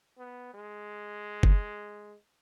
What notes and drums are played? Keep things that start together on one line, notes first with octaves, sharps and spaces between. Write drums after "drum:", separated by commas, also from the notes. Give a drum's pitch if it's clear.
B3
G#3
drum: kick F#1